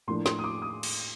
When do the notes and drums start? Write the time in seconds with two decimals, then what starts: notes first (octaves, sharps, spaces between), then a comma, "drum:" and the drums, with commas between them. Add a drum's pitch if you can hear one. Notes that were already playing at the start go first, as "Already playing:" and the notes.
0.08 A2 F3 A#3 D4 C6
0.26 C6, drum: snare
0.39 D#6
0.44 D6
0.62 D#6
0.83 drum: cymbal